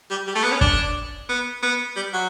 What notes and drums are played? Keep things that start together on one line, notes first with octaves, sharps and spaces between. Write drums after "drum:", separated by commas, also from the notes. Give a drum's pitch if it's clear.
G3
G3
A3
B3
C#4
D4, drum: kick
B3
B3
G3
F#3